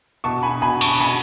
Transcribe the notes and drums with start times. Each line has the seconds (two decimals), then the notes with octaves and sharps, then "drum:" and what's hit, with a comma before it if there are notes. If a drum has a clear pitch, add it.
0.24 B2 A5 C#6
0.43 G#5 B5
0.62 B2 G#5 B5
0.81 A5 C#6, drum: cymbal
1.00 B2 G#5 B5